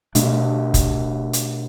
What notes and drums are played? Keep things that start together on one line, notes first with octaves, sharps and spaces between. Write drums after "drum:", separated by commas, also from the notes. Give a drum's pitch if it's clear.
B2 A3 D4, drum: hi-hat
drum: kick F1, hi-hat
drum: hi-hat